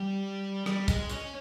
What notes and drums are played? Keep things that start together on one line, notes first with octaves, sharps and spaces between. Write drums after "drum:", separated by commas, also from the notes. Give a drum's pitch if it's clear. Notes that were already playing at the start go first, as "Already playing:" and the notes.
Already playing: G3
G3, drum: rim click
G#3, drum: kick, hi-hat
C#4, drum: hi-hat